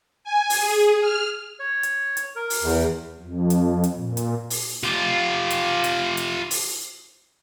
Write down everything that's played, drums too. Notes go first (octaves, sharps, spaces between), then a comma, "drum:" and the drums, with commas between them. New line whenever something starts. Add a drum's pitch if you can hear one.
G#5
drum: open hi-hat
G#4
F6
C#5
drum: hi-hat
drum: hi-hat
A#4
drum: open hi-hat
E2
F2
drum: hi-hat
drum: hi-hat
A#2
drum: hi-hat
drum: open hi-hat
F4 G4
drum: hi-hat
drum: hi-hat
drum: hi-hat
drum: open hi-hat